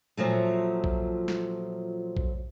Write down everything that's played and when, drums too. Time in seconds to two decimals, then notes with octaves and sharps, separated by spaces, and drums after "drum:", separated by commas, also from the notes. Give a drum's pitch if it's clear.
0.17 A#2 F3 F#3 A3
0.84 drum: kick B1
1.28 drum: snare
2.17 drum: kick B1